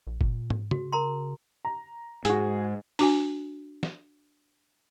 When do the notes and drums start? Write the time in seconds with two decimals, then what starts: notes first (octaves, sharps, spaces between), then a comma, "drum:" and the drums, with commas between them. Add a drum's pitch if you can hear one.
0.07 A#1
0.21 A#2, drum: kick F#1
0.50 drum: tom
0.71 C#3 F#4, drum: tom C#3
0.92 A#4 A#5 C6
1.65 A#5
2.25 G#2 F#4 G#4, drum: hi-hat
2.99 D4 F#4 G#5, drum: open hi-hat
3.83 drum: snare